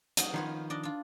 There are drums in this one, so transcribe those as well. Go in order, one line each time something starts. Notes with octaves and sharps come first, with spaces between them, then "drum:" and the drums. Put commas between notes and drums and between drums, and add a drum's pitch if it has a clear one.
F#3 D#4, drum: hi-hat
D#3 F3 B4 C#5 F5
D4 D5 D#5
D4 F4